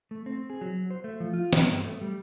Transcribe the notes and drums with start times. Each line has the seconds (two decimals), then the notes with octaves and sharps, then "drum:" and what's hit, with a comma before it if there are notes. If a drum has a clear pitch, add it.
0.11 A3
0.26 C4
0.50 G#4
0.61 F#3
0.90 C5
1.04 A3
1.20 F3
1.33 F4
1.53 B3, drum: snare
1.69 G2
1.83 A3
2.01 G3